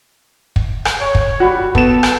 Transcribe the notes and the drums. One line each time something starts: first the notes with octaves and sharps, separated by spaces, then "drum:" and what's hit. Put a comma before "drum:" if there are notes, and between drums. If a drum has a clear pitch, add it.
drum: kick
drum: rim click
C#5
drum: kick
G3 F#4 B5
B3 A4 E7, drum: kick
drum: rim click